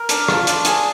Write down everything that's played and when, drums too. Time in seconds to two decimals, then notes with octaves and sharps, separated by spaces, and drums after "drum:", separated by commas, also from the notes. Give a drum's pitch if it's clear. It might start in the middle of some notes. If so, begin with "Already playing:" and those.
Already playing: A#4
0.09 D4, drum: hi-hat
0.29 F4, drum: rim click
0.47 D4, drum: hi-hat
0.65 G#4, drum: hi-hat